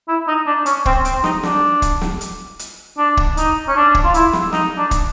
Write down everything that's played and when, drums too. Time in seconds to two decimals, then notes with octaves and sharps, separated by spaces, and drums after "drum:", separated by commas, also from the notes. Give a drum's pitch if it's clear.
0.08 E4
0.28 D#4
0.46 D4
0.66 C#4, drum: hi-hat
0.86 C4, drum: kick
1.05 C4, drum: hi-hat
1.24 D#4, drum: snare
1.43 D4, drum: snare
1.82 drum: kick, hi-hat
2.01 drum: snare
2.21 drum: hi-hat
2.59 drum: hi-hat
2.98 D4
3.17 drum: kick
3.37 D#4, drum: hi-hat
3.68 C#4
3.76 D4
3.95 drum: kick
4.04 F4
4.14 E4, drum: hi-hat
4.33 drum: snare
4.53 D#4, drum: snare
4.78 D4
4.91 drum: kick, hi-hat